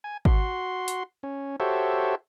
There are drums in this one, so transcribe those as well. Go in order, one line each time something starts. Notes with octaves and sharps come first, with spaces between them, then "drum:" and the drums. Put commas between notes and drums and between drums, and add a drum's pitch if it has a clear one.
G#5
F#4 C6, drum: kick G#1
drum: hi-hat
C#4
F#4 G4 A4 C5 C#5 E5